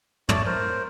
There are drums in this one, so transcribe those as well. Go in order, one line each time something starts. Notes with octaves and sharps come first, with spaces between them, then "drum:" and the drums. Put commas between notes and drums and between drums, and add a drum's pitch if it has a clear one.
A3 C#5 D5 D6, drum: tom
A#4 C5